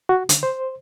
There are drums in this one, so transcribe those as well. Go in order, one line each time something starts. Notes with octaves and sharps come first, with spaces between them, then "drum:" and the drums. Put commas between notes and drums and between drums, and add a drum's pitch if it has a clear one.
F#4
D3, drum: hi-hat
C5